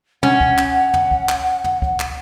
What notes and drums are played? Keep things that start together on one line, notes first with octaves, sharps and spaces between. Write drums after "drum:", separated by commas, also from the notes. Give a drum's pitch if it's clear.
C#4 F#5, drum: tom
drum: kick
drum: clap
drum: tom
drum: kick
drum: clap
drum: tom
drum: kick
drum: clap